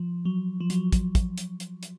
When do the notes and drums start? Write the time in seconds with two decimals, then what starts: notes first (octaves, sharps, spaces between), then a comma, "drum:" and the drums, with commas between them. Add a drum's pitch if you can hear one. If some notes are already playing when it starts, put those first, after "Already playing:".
Already playing: F3
0.25 F#3
0.61 F3
0.70 F#3, drum: hi-hat
0.92 drum: kick, hi-hat
1.15 drum: kick, hi-hat
1.38 drum: hi-hat
1.60 drum: hi-hat
1.83 drum: hi-hat